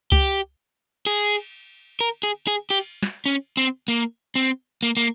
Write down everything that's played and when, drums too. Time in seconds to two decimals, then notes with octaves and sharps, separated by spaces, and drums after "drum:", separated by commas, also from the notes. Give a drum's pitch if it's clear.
0.12 G4, drum: kick C#2
1.06 G#4, drum: cymbal
2.00 A#4
2.23 G#4
2.47 G#4, drum: hi-hat
2.70 G4, drum: cymbal
3.03 drum: snare
3.26 C#4
3.57 C4
3.88 A#3
4.35 C4
4.83 A#3
4.97 A#3, drum: hi-hat